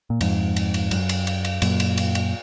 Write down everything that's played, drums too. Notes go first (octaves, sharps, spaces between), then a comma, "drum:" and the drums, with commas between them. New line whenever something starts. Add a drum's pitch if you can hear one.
A#2
F2 G#2, drum: cymbal
drum: cymbal
drum: cymbal
F#2, drum: cymbal
drum: cymbal
drum: cymbal
drum: cymbal
F#2 A#2, drum: cymbal
drum: cymbal
drum: cymbal
drum: cymbal